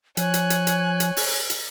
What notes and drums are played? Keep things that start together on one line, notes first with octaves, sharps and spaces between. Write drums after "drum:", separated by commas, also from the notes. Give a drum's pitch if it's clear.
F3 C#5 G#5 F#6, drum: hi-hat
drum: hi-hat
drum: hi-hat
drum: hi-hat
drum: hi-hat
drum: open hi-hat
drum: hi-hat